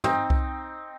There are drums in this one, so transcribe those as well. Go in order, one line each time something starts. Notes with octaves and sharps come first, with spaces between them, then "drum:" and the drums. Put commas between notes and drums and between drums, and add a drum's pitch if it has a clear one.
C4 D#4, drum: tom
drum: kick C2